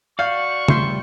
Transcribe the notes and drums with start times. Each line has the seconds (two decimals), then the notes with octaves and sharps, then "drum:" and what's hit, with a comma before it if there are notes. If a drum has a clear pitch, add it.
0.19 F#4 D5 F5 C#6 G6
0.68 G3 F4 E5 C6 G6, drum: tom C#3